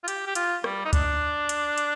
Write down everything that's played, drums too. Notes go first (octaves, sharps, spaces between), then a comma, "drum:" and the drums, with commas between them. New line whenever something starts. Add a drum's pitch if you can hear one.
F4
G4, drum: hi-hat
G4
F4, drum: hi-hat
G3, drum: rim click
D#4
D4, drum: kick, hi-hat
drum: hi-hat
drum: hi-hat